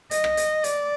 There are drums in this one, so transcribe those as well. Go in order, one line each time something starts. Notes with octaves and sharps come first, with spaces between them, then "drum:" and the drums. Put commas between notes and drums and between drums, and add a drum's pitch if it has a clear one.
D#5, drum: hi-hat
drum: rim click
drum: hi-hat
D5, drum: hi-hat